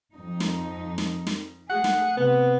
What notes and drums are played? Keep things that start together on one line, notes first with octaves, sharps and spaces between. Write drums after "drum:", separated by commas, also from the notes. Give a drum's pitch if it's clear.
F2 D#4
drum: snare
drum: snare
drum: snare
A3 G#4 F#5
drum: snare
C3 B3